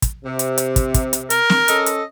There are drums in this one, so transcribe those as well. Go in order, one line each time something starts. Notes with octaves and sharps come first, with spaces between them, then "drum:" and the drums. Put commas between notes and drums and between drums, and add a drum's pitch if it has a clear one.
drum: kick, hi-hat
C3
drum: hi-hat
drum: hi-hat
drum: kick, hi-hat
drum: kick, hi-hat
drum: hi-hat
A#4, drum: hi-hat
drum: snare
C#4 A4 D#5, drum: hi-hat
drum: hi-hat